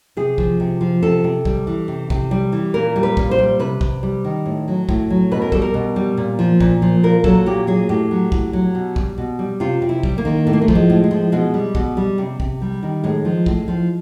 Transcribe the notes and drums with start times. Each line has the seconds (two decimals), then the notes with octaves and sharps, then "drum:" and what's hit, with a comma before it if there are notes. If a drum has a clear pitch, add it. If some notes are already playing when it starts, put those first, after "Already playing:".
0.17 C3 G#4
0.38 F3, drum: kick
0.60 C3
0.81 F3
1.03 C3 A4
1.24 C3
1.45 G3, drum: kick
1.67 E3
1.88 C3
2.10 C3, drum: kick
2.31 G3
2.52 E3
2.74 A#2 A#4
2.96 G3
3.03 B4
3.17 A#2, drum: kick
3.31 C5
3.39 G3
3.59 C3 B4
3.81 C3, drum: kick
4.03 G3
4.25 D#3
4.46 A2
4.68 F#3
4.89 A2, drum: kick
5.10 F#3
5.31 B2 B4
5.42 A#4
5.52 G3 A4, drum: kick
5.62 A#4
5.74 B2
5.96 G3
6.17 A#2
6.39 F3
6.60 A#2, drum: kick
6.82 F3
7.03 A#2 A#4
7.24 F#3 A4, drum: kick
7.46 A#2 G4
7.67 F#3 G#4
7.89 A2 G4
8.11 F#3
8.32 A2, drum: kick
8.53 F#3
8.75 B2
8.96 G3, drum: kick
9.18 B2
9.39 G3
9.60 C3 F4
9.82 C3
9.89 E4
10.03 G3, drum: kick
10.18 A#3
10.25 D#3
10.47 A2 A3
10.53 A#3
10.62 A3
10.68 F3, drum: kick
10.75 G#3
10.90 A2
11.04 G#3
11.11 F3
11.32 B2 G#3
11.54 G3
11.75 B2, drum: kick
11.97 G3
12.18 C3
12.40 C3, drum: kick
12.62 G3
12.83 D#3
13.04 A2 G#3
13.25 F3
13.46 A2, drum: kick
13.68 F3